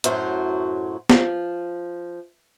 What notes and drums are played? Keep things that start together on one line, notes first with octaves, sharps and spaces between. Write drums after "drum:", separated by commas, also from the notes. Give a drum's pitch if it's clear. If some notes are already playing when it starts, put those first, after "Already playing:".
F#2 A2 F#3 F#4 C5, drum: hi-hat
F3, drum: snare